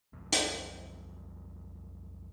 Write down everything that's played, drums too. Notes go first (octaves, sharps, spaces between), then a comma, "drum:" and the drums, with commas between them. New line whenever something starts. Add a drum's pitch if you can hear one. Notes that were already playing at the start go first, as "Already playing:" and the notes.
B1 F2 B2
drum: hi-hat